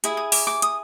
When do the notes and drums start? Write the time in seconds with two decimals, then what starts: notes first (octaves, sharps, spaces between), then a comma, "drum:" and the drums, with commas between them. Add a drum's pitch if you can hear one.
0.04 E4 G#4, drum: hi-hat
0.17 D#6
0.32 D6, drum: open hi-hat
0.47 D6
0.62 D#6, drum: hi-hat